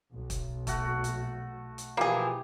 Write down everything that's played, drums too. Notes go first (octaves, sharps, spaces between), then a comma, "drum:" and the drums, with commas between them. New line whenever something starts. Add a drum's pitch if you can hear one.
B1
drum: kick, hi-hat
A3 F#4, drum: kick, hi-hat
drum: hi-hat
drum: hi-hat
B2 E3 F3 A#3 G4 G#4